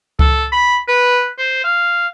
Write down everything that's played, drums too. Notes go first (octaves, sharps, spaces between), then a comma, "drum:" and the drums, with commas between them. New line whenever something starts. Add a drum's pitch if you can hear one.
A4, drum: kick C#2
B5
B4
C5
F5